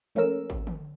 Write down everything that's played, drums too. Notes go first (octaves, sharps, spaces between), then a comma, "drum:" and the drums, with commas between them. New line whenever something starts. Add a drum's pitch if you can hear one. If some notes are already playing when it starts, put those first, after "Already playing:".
F2 A3 A#3 C#4 A#4 E6
drum: kick G#1
drum: tom D3